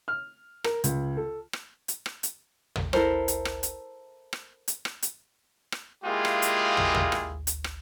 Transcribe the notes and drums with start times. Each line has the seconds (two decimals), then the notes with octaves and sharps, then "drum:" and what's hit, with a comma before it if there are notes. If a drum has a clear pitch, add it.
0.08 F6
0.64 A#4, drum: rim click
0.84 C#2, drum: hi-hat
1.17 A4
1.53 drum: rim click
1.88 drum: hi-hat
2.06 drum: rim click
2.23 drum: hi-hat
2.76 drum: tom
2.93 E4 A4 A#4 C5, drum: rim click
3.28 drum: hi-hat
3.45 drum: rim click
3.63 drum: hi-hat
4.33 drum: rim click
4.68 drum: hi-hat
4.85 drum: rim click
5.02 drum: hi-hat
5.72 drum: rim click
6.04 G#3 A#3 E4 F4 G4 G#4
6.25 drum: rim click
6.42 drum: hi-hat
6.77 drum: tom
6.95 drum: tom
7.12 drum: rim click
7.47 drum: hi-hat
7.64 drum: rim click